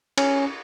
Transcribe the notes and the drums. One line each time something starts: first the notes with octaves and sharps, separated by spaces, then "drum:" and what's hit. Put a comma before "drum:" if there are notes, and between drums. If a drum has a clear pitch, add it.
C#4, drum: cymbal